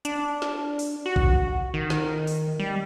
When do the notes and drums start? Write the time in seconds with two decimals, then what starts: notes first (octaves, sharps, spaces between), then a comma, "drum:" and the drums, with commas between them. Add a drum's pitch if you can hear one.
0.05 D4, drum: hi-hat
0.42 drum: snare
0.79 drum: open hi-hat
1.06 F#4
1.16 drum: kick A#1
1.74 D#3
1.90 drum: snare
2.27 drum: open hi-hat
2.59 G3